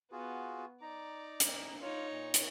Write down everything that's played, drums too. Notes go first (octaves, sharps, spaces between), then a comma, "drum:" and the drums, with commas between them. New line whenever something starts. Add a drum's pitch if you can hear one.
B3 F4 F#4 G#4
D#4 D5 A#5
drum: hi-hat
D#4 F4 C#5
A#2
drum: hi-hat